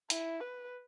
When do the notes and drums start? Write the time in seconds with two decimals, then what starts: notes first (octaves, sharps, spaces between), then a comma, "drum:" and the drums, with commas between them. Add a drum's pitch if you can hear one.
0.10 E4, drum: hi-hat
0.40 B4